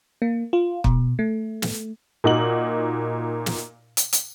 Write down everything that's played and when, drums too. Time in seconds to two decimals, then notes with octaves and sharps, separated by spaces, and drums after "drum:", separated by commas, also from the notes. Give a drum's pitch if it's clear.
0.22 A#3
0.53 F4
0.84 B2, drum: kick
1.19 A3
1.62 drum: snare
2.24 A#2 D#4 F#4 F#7
3.46 drum: snare
3.97 drum: hi-hat
4.13 drum: hi-hat